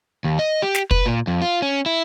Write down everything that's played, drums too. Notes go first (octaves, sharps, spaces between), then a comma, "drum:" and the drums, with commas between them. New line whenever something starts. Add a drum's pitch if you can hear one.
D#2
D#5
G4
drum: snare
B4, drum: kick
A#2
F2
F4
C#4
E4